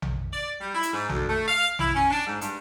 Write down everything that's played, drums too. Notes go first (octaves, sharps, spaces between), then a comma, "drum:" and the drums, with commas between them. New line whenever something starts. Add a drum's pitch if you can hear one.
drum: tom A#1
D5
G3
E4
drum: hi-hat
G#2
D2, drum: tom A#1
A3
F5
E4, drum: tom A#1
C#4
D4
G#2
G2, drum: hi-hat